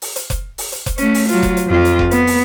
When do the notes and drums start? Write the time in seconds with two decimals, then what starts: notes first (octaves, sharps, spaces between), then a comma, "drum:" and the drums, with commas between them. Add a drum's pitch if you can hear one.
0.02 drum: open hi-hat
0.16 drum: hi-hat
0.30 drum: kick F1, hi-hat
0.58 drum: open hi-hat
0.72 drum: hi-hat
0.86 drum: kick F1, hi-hat
0.98 A3 C#4, drum: hi-hat
1.14 drum: open hi-hat
1.29 F#3 F4, drum: hi-hat
1.43 drum: kick F1, hi-hat
1.57 drum: hi-hat
1.67 F2 F4
1.85 drum: hi-hat
1.99 drum: kick F1
2.11 B3, drum: hi-hat
2.27 drum: open hi-hat